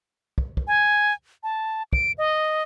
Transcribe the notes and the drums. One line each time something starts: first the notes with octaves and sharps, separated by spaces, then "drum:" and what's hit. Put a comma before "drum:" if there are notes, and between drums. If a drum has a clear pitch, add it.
drum: kick
drum: kick
G#5
A5
D7, drum: kick
D#5